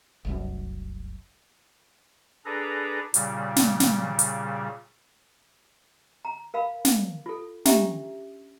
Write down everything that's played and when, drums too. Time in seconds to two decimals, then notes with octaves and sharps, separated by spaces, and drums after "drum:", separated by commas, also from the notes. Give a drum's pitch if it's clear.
0.25 F1 C2 F#2
2.45 D4 G#4 A4 B4 A#5
3.14 A#2 C#3 G3, drum: hi-hat
3.56 drum: snare
3.80 drum: snare
4.19 drum: hi-hat
6.25 A#5
6.54 A#4 F5 B5
6.85 drum: snare
7.26 F4 A4
7.65 C#4 D4 G4 E5 A#5, drum: snare